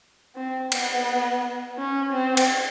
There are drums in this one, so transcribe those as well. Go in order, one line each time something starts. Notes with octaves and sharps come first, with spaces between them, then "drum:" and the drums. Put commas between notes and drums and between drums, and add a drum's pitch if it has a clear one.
C4
B3, drum: cymbal
C#4
C4
drum: cymbal